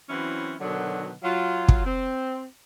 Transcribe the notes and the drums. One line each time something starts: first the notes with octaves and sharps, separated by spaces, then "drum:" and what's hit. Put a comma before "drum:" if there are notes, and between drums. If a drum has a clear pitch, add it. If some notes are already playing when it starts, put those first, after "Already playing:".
E3 F#3 C4 C#4 E4
B2 D3 D#3 F#3
F#3 F4
drum: kick
C4